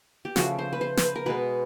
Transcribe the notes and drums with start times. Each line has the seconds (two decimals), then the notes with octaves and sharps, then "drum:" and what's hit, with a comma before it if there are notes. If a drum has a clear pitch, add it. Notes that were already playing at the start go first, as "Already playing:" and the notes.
0.25 G4
0.36 C#3 F3 A3 F#4, drum: snare
0.59 C5
0.73 B4
0.81 C5
0.97 C5, drum: snare
1.03 B4
1.16 A#4
1.26 B2 G#3 B3 B4